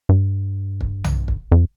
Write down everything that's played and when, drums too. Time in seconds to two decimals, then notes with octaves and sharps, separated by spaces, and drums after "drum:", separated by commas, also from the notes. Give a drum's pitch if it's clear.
0.09 G2
0.81 drum: kick
1.04 drum: tom B1
1.28 drum: kick
1.52 F2